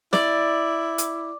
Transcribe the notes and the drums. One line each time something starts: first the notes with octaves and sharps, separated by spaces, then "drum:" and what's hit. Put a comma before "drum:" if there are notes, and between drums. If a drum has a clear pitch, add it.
E4 D5, drum: snare
drum: hi-hat